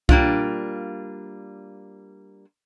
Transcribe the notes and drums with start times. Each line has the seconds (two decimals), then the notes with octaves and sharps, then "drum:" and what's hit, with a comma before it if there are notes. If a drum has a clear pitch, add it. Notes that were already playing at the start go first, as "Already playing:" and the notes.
0.09 G3 A#3 D4 F4, drum: kick C2